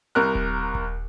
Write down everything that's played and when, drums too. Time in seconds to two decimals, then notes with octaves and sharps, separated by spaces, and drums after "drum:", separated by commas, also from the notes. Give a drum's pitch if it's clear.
0.15 C2 A#4 F#6
0.35 drum: kick D#1
0.75 drum: kick D#1